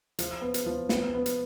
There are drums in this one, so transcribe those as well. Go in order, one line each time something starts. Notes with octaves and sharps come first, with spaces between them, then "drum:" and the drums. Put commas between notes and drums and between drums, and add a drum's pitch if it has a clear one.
F3, drum: hi-hat
B3
drum: hi-hat
F3
B3, drum: snare
B3
drum: hi-hat